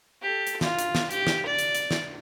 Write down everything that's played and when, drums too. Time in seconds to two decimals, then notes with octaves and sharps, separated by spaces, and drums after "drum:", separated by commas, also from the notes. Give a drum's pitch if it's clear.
0.22 G4 A4
0.47 drum: hi-hat
0.61 F4, drum: snare
0.79 drum: hi-hat
0.95 drum: snare
1.11 G4, drum: hi-hat
1.27 drum: snare
1.46 D5
1.59 drum: hi-hat
1.75 drum: hi-hat
1.91 drum: snare